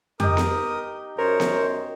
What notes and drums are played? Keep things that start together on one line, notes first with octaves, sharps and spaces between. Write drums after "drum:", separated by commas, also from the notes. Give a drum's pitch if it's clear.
D#4 G4 A#4 D#6, drum: tom F2
drum: snare B3
F#2 A#4 C5 C#5
drum: snare B3